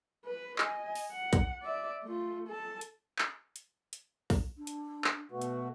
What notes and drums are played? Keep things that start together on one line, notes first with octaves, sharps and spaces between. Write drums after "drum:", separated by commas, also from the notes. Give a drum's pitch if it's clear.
B4
D#5 G#5, drum: clap
drum: open hi-hat
F#5
drum: kick A#1, hi-hat
D5 E5
A3 F4
A4 A5
drum: hi-hat
drum: clap
drum: hi-hat
drum: hi-hat
drum: kick A#1, open hi-hat
D4
drum: hi-hat
drum: clap
B2 A3 F#4 B4
drum: hi-hat